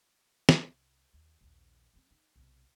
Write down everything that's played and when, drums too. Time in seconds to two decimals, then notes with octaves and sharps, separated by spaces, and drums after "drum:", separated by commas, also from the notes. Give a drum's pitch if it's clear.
0.49 C2, drum: snare
1.14 D#2
1.41 A#1 D#2
1.94 F#3 C4
2.11 D#4
2.36 B1 C3